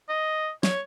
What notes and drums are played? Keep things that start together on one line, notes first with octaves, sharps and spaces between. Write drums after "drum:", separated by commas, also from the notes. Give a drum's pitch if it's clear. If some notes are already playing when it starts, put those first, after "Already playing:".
D#5
C#5, drum: snare